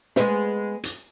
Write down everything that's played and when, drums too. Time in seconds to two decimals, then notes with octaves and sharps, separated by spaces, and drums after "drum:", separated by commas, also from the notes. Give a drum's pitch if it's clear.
0.16 G#3 B3, drum: snare
0.83 drum: hi-hat